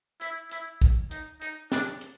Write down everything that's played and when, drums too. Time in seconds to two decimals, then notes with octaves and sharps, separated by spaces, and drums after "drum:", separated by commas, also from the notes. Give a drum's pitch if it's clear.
0.21 E4, drum: hi-hat
0.51 E4, drum: hi-hat
0.82 drum: kick, hi-hat
1.11 D#4, drum: hi-hat
1.41 D#4, drum: hi-hat
1.72 D4, drum: snare
2.01 drum: hi-hat